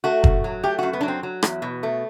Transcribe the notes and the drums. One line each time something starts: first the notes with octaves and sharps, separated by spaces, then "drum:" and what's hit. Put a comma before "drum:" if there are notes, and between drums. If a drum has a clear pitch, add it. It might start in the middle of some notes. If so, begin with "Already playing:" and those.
A3 F#4
F#2, drum: kick
F#3
A3 G4
F#2 F#4
B3
F#3 D4
C4
F#3
E2, drum: rim click
B2
A3